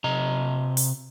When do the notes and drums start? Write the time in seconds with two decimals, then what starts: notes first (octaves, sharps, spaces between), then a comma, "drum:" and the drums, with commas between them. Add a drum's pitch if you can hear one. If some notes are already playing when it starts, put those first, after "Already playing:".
0.04 C3 D#5 A#5
0.77 drum: open hi-hat